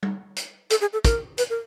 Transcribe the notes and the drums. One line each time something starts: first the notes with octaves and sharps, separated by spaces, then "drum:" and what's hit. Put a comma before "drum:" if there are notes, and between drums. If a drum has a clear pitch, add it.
drum: tom G3
drum: hi-hat
A4, drum: hi-hat
G#4
A4
A#4, drum: kick, hi-hat
B4, drum: hi-hat
A#4